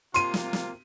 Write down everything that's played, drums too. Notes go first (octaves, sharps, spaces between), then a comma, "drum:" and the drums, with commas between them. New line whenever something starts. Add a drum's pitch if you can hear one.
C3 A#3 F4 C6 D#7, drum: hi-hat
drum: snare
drum: snare